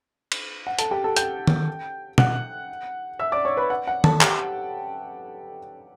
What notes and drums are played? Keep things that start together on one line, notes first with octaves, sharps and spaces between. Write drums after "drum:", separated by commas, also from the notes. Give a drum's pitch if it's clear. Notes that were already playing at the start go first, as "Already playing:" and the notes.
drum: cymbal
F#5
A4 A5, drum: hi-hat
G4 G5
A4 A5
G5 G6, drum: hi-hat
drum: tom
F#5 F#6, drum: tom B2
E5 E6
D5 D6
C#5 C#6
B4 B5
F#5
F#5
A4 A5, drum: tom
G4 G5, drum: clap